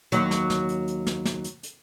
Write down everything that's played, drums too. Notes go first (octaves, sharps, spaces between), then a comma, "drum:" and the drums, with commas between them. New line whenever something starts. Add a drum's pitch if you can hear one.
D#2 F#3, drum: hi-hat
drum: snare
drum: snare
drum: hi-hat
drum: hi-hat
drum: snare
drum: snare
drum: hi-hat
drum: hi-hat